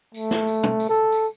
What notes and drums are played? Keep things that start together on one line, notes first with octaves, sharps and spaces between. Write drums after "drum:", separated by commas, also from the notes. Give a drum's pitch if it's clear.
A3, drum: tambourine
drum: snare
drum: tambourine
drum: tom
drum: tambourine
A4
drum: tambourine